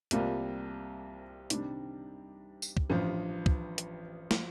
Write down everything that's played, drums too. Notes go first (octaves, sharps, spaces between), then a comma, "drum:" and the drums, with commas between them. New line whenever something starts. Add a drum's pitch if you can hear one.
C2 C3 G3 A#3 F4, drum: hi-hat
C3 D#3 G3 D4, drum: hi-hat
drum: tambourine
drum: kick
A1 G2 F3
drum: kick
drum: hi-hat
F3, drum: snare